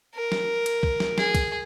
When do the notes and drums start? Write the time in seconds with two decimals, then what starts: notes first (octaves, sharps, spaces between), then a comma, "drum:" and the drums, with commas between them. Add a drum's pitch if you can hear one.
0.15 A#4
0.32 drum: snare
0.66 drum: cymbal
0.83 drum: kick
1.00 drum: snare
1.18 G#4, drum: snare
1.35 drum: kick, cymbal